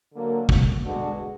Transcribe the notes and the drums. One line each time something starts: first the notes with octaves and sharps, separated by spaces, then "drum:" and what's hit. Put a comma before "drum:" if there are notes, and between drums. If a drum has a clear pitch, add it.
D3 F#3 A#3
drum: kick
D3 G#3 B3 D4 F#4